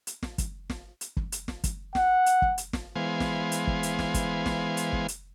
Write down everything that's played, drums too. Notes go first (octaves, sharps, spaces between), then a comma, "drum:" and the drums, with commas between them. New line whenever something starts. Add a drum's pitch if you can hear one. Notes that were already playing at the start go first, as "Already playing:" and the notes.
drum: hi-hat
drum: snare
drum: kick F#1, hi-hat
drum: snare
drum: hi-hat
drum: kick F#1
drum: hi-hat
drum: snare
drum: kick F#1, hi-hat
F#5, drum: snare
drum: hi-hat
drum: kick F#1
drum: hi-hat
drum: snare
E3 G#3 B3 C5 F5 G#5
drum: snare
drum: hi-hat
drum: kick F#1
drum: hi-hat
drum: snare
drum: kick F#1, hi-hat
drum: snare
drum: hi-hat
drum: kick F#1
drum: hi-hat